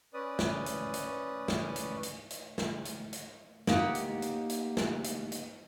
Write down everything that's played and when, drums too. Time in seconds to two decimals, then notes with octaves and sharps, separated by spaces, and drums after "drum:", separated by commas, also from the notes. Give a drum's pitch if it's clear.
0.14 C#4 B4 D5 D#6
0.39 drum: snare
0.66 drum: hi-hat
0.94 drum: hi-hat
1.48 drum: snare
1.76 drum: hi-hat
2.03 drum: hi-hat
2.31 drum: hi-hat
2.58 drum: snare
2.85 drum: hi-hat
3.13 drum: hi-hat
3.67 A#3 D#4 G4 F#5, drum: snare
3.95 drum: hi-hat
4.22 drum: hi-hat
4.50 drum: hi-hat
4.77 drum: snare
5.04 drum: hi-hat
5.32 drum: hi-hat